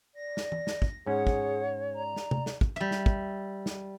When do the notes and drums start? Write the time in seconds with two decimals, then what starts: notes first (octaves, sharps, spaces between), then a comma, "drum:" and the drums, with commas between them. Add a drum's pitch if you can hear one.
0.15 D5 A#6
0.37 drum: snare
0.52 drum: tom
0.67 drum: snare
0.82 drum: kick
1.06 G#2 C#4 G#4 C#5 F#5
1.27 drum: kick
1.94 D5 A#5
2.16 drum: snare
2.31 drum: tom C3
2.46 drum: snare
2.61 drum: kick
2.76 G3 E5
2.91 drum: snare
3.06 drum: kick
3.66 drum: snare